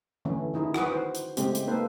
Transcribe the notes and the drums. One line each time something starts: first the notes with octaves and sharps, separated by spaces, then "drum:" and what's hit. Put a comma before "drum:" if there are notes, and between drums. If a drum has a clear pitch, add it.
D3 E3 A3 C#4
D#3 D#4 E4 G#4
F#4 B4, drum: rim click
C5
drum: hi-hat
C#3 G#3 A3 C4 G4, drum: hi-hat
drum: hi-hat
A#3 D#4 A4 B4 C5